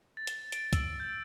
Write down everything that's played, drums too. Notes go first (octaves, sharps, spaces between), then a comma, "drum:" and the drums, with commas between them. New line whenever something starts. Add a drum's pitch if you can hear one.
A6
drum: hi-hat
D7, drum: hi-hat
E6, drum: kick, hi-hat
G6